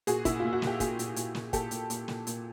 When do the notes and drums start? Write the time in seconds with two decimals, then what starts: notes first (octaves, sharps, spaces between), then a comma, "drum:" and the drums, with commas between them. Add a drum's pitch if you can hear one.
0.07 A#2 F#4 G#4, drum: hi-hat
0.25 A#2 E4, drum: kick, hi-hat
0.40 A#2 F4
0.53 F#4
0.62 A#2, drum: snare
0.67 G4
0.80 A#2 F#4 G#4, drum: kick, hi-hat
0.99 A#2, drum: hi-hat
1.16 A#2, drum: hi-hat
1.35 A#2, drum: snare
1.53 A#2 G4 A4, drum: kick, hi-hat
1.71 A#2, drum: hi-hat
1.90 A#2, drum: hi-hat
2.08 A#2, drum: snare
2.27 A#2, drum: hi-hat